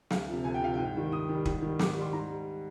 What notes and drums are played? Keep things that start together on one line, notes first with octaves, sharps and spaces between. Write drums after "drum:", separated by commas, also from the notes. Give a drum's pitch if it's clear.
D2 F5, drum: snare
C3 F3
D2 G#5
G5
C3 F3 F5
G#2 G5
D#3 G3
G#2 D#6
D#3 G3
G#2, drum: kick
D#3 G3
G#2 D6, drum: snare
D6
D#3 G3
C6
G#2 A#5
G3